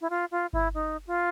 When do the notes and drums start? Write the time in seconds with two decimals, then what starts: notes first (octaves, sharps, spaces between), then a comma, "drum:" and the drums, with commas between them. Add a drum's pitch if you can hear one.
0.01 E4
0.10 F4
0.31 F4
0.53 E4, drum: kick G1
0.74 D#4
1.07 F4